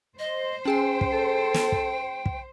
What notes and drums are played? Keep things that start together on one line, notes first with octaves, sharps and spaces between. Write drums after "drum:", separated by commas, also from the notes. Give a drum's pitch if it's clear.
C5 D#5
C#4 G#4 G5 G#5
drum: kick
A4
drum: snare
drum: kick
drum: kick